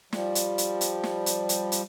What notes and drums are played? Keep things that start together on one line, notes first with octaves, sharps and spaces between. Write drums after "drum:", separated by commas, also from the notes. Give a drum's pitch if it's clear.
F3 G3, drum: snare
drum: hi-hat
drum: hi-hat
drum: hi-hat
drum: snare
drum: hi-hat
drum: hi-hat
drum: hi-hat